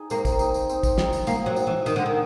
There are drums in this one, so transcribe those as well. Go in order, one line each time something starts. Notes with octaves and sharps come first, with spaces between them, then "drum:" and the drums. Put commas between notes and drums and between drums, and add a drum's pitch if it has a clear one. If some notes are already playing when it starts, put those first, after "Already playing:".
Already playing: D#4 G#4
A#3 C4, drum: tambourine
drum: kick, tambourine
D#4 G#4, drum: tambourine
drum: tambourine
C4, drum: tambourine
drum: kick, tambourine
D#4 G#4, drum: snare
drum: tambourine
A#3 C4, drum: tambourine
F#3
D#4 G#4, drum: tambourine
E3
D#3 D4, drum: tambourine
D3
D#3